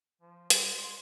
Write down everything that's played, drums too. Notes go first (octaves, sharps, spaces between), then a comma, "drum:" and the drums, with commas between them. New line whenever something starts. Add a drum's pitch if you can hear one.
F3
G3 G#3 G#6, drum: hi-hat
C6